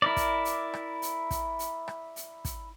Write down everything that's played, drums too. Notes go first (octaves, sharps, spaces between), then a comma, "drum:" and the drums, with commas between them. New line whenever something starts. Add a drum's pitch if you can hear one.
E4 A#4 D5
drum: kick, hi-hat
drum: hi-hat
drum: rim click
drum: hi-hat
drum: kick, hi-hat
drum: hi-hat
drum: rim click
drum: hi-hat
drum: kick, hi-hat